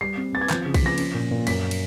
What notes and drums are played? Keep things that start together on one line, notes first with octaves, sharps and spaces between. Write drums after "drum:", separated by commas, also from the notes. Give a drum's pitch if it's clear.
G3 C7
C4
C4 A6
G#6
F3 G6, drum: clap
C#3
B6, drum: kick B1, cymbal
F3 A#6
C#4, drum: cymbal
A#2
A#2
F#2 B6, drum: cymbal
drum: cymbal